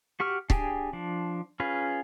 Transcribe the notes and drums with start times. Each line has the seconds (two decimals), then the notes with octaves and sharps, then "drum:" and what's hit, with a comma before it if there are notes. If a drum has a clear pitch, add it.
0.20 F#4 G4 C#6 F6
0.50 D4 G4 G#4 G5 G#5, drum: kick C#1
0.93 F3 D4
1.60 C#4 F4 G#4 B4